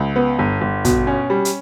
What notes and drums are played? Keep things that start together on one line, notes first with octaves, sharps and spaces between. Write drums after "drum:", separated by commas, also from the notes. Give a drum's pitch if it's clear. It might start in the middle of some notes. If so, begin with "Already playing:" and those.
Already playing: C#2
B3
G1
G1
B2, drum: kick, hi-hat
C#4
G3
drum: hi-hat